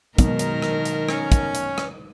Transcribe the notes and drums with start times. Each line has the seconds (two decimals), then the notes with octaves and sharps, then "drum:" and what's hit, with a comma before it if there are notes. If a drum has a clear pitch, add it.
0.18 B2 D#3 F#3 G#3 D#4 A#4, drum: kick, hi-hat
0.39 drum: hi-hat
0.62 drum: rim click
0.85 drum: hi-hat
1.09 C#4, drum: rim click
1.32 drum: kick, hi-hat
1.55 drum: hi-hat
1.78 drum: rim click